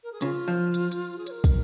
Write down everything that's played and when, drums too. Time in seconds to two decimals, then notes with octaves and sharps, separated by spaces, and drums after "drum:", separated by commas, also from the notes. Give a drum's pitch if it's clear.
0.03 A#4
0.12 G#4
0.21 C#3 F4, drum: hi-hat
0.48 F3
0.74 drum: hi-hat
0.92 drum: hi-hat
1.18 G#4
1.26 C#5, drum: hi-hat
1.30 A#4
1.44 drum: kick, hi-hat